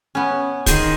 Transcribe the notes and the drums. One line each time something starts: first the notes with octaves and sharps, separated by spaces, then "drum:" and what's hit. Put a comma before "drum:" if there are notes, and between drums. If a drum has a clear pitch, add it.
B3 C#4
D#3 G#4 C5 G#5, drum: kick, hi-hat